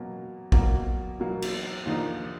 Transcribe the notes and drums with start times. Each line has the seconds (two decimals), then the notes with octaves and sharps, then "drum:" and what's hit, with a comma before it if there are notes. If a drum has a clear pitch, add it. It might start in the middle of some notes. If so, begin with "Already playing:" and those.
Already playing: B2 F#3 A#3
0.52 B2 F#3 A#3, drum: kick A1
1.19 B2 F#3 A#3
1.42 drum: cymbal
1.85 D#2 D3 F3 A#3 D#4